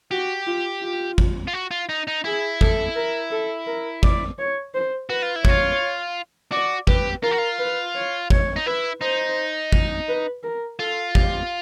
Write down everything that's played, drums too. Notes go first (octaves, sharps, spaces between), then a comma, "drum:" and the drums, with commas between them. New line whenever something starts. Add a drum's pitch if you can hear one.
F#4 G4
F4
F4
drum: kick G#1
F4
F#4
F4
D#4
D#4
E4 G#4
A4, drum: kick G#1
A#4
A4
A#4
D5, drum: kick G#1
C#5
C5
F#4 B4
F4
E4
F4 C#5, drum: kick G#1
F#4 D5
G4 B4, drum: kick G#1
F4 A#4
F#4
F4
B4
C#5
C#5, drum: kick G#1
D#4
E4 B4
D#4 C5
drum: kick G#1
B4
A#4
F4 A4
G4, drum: kick G#1